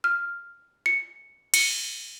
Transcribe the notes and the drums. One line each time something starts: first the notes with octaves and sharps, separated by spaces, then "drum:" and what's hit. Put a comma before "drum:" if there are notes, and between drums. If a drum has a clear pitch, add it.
F6
C#7
C#7, drum: cymbal